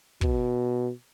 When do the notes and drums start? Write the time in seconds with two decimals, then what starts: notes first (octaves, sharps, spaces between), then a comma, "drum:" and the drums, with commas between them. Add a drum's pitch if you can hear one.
0.21 B2, drum: kick